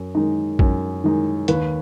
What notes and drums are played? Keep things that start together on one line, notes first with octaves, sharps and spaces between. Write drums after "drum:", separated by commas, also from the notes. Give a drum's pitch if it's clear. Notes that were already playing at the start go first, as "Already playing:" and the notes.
Already playing: F#2
D#3 G#3 D#4
F#2, drum: kick
D#3 G#3 D#4
D#2 B4, drum: hi-hat